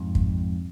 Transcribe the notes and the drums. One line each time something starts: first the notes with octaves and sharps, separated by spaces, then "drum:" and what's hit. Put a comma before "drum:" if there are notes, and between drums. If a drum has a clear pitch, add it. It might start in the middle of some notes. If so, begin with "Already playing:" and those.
Already playing: F2 G#2
drum: kick